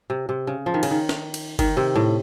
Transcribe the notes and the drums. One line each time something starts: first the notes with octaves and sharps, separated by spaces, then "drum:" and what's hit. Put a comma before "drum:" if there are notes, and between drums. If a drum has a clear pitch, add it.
C3
C3
C#3
F3
D#3
C#3, drum: cymbal
D#3
drum: snare
drum: cymbal
D#3, drum: kick F#1, cymbal
C3
A2